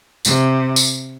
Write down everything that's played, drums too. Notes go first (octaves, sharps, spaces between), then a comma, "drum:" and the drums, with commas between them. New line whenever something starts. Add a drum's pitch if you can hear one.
C3, drum: tambourine
drum: tambourine